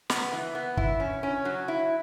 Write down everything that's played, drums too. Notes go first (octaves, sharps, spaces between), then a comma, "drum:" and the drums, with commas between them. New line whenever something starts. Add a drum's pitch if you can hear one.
B3, drum: snare
E3
B3
E4, drum: kick
C#4
C#4
F#3
E4